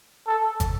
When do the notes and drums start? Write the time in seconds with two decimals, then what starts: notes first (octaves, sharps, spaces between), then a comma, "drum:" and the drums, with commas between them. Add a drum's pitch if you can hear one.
0.27 A4
0.60 drum: kick, hi-hat